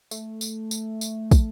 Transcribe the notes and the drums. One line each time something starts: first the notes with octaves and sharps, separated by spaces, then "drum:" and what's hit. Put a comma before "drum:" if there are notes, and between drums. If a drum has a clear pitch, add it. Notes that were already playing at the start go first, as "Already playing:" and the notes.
A3, drum: tambourine
drum: tambourine
drum: tambourine
drum: tambourine
drum: kick, tambourine